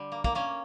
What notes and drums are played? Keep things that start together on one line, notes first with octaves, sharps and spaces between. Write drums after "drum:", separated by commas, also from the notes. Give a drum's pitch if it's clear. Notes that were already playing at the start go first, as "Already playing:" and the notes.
Already playing: D3 G3
A#3
A#3, drum: kick
A#3 C#4